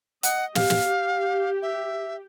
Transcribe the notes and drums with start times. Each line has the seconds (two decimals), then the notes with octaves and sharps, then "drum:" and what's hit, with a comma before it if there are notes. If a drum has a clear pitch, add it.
0.23 D#5 F#5, drum: hi-hat
0.55 G4 F5, drum: snare
0.70 drum: snare
0.88 G4
1.62 E5